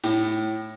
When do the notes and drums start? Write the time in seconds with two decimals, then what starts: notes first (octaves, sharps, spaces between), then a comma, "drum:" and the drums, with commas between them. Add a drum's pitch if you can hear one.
0.04 A2, drum: open hi-hat